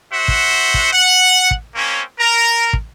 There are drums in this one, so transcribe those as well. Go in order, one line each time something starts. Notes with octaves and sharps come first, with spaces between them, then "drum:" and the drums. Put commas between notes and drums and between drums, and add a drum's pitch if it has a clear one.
F#4 C5 E5 F#5
drum: kick
drum: kick
F#5
drum: kick
A#3 C4 C#4
A#4 A#5
drum: kick